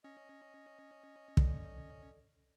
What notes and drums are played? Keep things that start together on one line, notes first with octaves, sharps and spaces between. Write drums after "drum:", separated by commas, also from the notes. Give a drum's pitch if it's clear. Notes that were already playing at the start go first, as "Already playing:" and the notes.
C#4 D#5
A4 D5, drum: kick